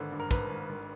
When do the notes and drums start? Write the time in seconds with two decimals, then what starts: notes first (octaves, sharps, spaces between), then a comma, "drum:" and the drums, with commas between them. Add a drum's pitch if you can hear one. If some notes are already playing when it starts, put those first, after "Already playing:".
Already playing: G#1 D3 B4
0.12 G2
0.20 A#4
0.31 G#1 B4, drum: kick, hi-hat
0.50 G#1
0.69 G#1